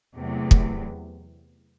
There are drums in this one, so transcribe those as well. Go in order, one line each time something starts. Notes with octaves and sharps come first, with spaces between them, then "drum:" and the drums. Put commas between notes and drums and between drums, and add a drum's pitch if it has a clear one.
E2 C3 F#3 A3
drum: kick